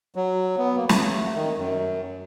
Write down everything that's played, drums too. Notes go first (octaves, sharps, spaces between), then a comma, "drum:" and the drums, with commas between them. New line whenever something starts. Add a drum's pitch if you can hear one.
F#3
B3
A#3
A3, drum: snare
D#3
F#2